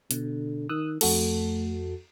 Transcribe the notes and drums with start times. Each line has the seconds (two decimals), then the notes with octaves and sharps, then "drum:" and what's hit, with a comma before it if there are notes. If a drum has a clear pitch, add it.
0.11 B2 D3, drum: hi-hat
0.69 D#3 D#6 E6 F#6
1.01 F2 A3 F#4 A4, drum: cymbal